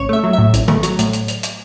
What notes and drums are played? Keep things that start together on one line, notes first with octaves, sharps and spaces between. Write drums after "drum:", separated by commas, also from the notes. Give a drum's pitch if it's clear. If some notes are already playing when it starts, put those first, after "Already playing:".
Already playing: A1 C#3 C#5
A3 E5
F#3
E5
A2
A1, drum: hi-hat
A3, drum: tom D3
F#3, drum: hi-hat
A2, drum: hi-hat
drum: hi-hat
drum: hi-hat
drum: hi-hat